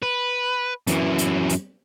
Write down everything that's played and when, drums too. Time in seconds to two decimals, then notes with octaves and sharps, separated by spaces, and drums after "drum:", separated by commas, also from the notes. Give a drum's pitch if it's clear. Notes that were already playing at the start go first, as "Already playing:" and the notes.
0.03 B4
0.87 F#2 E3, drum: hi-hat
1.18 drum: hi-hat
1.50 drum: hi-hat